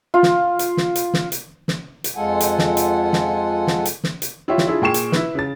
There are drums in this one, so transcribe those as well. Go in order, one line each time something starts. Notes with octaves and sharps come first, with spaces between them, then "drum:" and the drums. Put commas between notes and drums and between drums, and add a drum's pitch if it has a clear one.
F4
drum: snare
drum: hi-hat
drum: snare
drum: hi-hat
drum: snare
drum: hi-hat
drum: snare
drum: hi-hat
F2 G#3 F4 A4 F#5 G#5
drum: hi-hat
drum: snare
drum: hi-hat
drum: snare
drum: snare
drum: hi-hat
drum: snare
drum: hi-hat
E4 F4 G4 C#5 E5
drum: snare
D4 E4 F4 G#4
A#2 G#4 G5 C#6 C7 E7
drum: hi-hat
E4 B4, drum: snare
C#3 A6